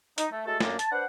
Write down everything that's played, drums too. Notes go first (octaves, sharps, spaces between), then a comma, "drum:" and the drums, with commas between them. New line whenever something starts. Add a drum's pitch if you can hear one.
D#4, drum: hi-hat
A3
G#3 A3 F#4 A4
F#2 A#3 D4, drum: snare
A5, drum: hi-hat
D4 B4 C5 F#5